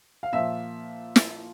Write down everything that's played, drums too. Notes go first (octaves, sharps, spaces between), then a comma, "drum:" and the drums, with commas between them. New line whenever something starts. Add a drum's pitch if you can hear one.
F5
A#2 F3 E5
drum: snare